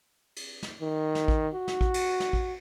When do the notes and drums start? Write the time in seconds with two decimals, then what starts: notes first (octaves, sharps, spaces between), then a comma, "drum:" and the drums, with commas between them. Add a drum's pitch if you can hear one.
0.36 drum: cymbal
0.63 drum: snare
0.81 D#3
1.15 drum: snare
1.28 drum: kick A1
1.55 F#4
1.68 drum: snare
1.81 drum: kick A1
1.94 drum: cymbal
2.20 drum: snare
2.33 drum: kick A1